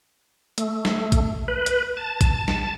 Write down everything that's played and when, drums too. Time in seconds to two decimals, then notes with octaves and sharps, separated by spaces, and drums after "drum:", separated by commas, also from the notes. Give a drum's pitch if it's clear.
0.58 A3, drum: hi-hat
0.85 drum: snare
1.12 drum: kick A#1, hi-hat
1.48 B4
1.66 drum: hi-hat
1.97 A5
2.21 drum: kick A#1, hi-hat
2.48 drum: snare